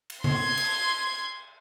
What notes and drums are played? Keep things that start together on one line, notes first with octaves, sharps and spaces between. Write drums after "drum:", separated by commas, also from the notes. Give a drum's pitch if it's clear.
drum: cymbal
C6 G#6, drum: tom C#3
drum: cymbal